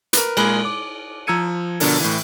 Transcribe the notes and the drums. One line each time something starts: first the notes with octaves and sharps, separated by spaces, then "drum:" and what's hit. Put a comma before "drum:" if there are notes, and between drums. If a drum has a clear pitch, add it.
A#4 B4, drum: hi-hat
A#2 G#3 G#4 A#4 B5 F#6, drum: cymbal
D6
F3 A#5 E6 G#6 C#7 D#7
B2 D3 F3 D4 A4 A#4, drum: open hi-hat
A2 E3